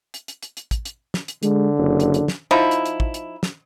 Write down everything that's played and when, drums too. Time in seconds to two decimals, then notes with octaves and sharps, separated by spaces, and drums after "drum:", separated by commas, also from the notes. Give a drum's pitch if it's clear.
0.14 drum: hi-hat
0.28 drum: hi-hat
0.43 drum: hi-hat
0.57 drum: hi-hat
0.71 drum: kick, hi-hat
0.85 drum: hi-hat
1.14 drum: snare
1.28 drum: hi-hat
1.43 D3 G#3, drum: hi-hat
1.77 F#1
2.00 drum: hi-hat
2.14 drum: hi-hat
2.28 drum: snare
2.51 F3 D#4 E4
2.71 drum: hi-hat
2.86 drum: hi-hat
3.00 drum: kick
3.14 drum: hi-hat
3.43 drum: snare